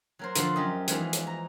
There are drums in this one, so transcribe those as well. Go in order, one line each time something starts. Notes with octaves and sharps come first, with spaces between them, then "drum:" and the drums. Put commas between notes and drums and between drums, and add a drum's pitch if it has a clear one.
F#3 A#4 C5
D3 F3 F#4 D5 C6, drum: hi-hat
F#2 G4 D#5
E3 F3 G#3 B3 D#4, drum: hi-hat
drum: hi-hat
A#5